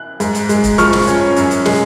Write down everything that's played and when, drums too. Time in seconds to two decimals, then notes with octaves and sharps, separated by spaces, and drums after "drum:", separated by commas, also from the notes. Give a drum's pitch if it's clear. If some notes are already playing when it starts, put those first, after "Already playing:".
Already playing: F#6
0.20 G#2, drum: hi-hat
0.35 drum: hi-hat
0.49 G#3, drum: hi-hat
0.64 drum: kick, hi-hat
0.78 F3 C#6 F6, drum: hi-hat
0.93 drum: snare
1.07 C#4, drum: hi-hat
1.36 F#2, drum: hi-hat
1.51 drum: hi-hat
1.65 G#3, drum: snare